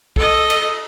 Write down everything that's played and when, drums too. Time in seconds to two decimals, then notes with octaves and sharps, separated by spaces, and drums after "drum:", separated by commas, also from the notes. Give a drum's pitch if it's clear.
0.16 A4 D#5, drum: kick
0.50 drum: cymbal